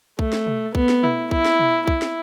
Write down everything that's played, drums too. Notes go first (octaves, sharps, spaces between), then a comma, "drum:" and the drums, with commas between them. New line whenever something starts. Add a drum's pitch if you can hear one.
A3, drum: kick
drum: snare
drum: tom B2
B3, drum: kick
drum: snare
E4, drum: tom B2
E4, drum: kick
drum: snare
drum: tom B2
E4, drum: kick
drum: snare